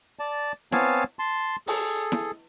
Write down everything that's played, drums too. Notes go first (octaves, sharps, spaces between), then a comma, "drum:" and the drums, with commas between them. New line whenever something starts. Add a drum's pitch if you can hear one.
D5 A5
B3 C4 C#5 F5 G#5 A5, drum: snare E4
A5 C6
G#4 A4, drum: open hi-hat
drum: snare E4